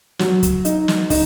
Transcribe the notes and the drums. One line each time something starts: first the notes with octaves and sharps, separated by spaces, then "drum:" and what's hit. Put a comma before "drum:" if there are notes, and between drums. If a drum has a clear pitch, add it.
F#3, drum: snare
drum: kick, hi-hat
D#4, drum: hi-hat
drum: snare
D#4, drum: kick, open hi-hat